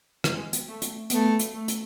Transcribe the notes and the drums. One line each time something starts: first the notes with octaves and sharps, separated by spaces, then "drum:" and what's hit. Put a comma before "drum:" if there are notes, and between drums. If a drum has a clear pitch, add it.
G#3, drum: rim click
drum: hi-hat
A3
drum: hi-hat
A3 B3, drum: hi-hat
drum: hi-hat
A3
drum: hi-hat